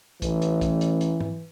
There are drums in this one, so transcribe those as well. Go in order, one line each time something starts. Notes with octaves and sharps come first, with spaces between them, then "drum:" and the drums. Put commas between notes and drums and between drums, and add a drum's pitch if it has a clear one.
A1 E3, drum: kick, hi-hat
drum: hi-hat
drum: kick, hi-hat
drum: hi-hat
drum: hi-hat
drum: tom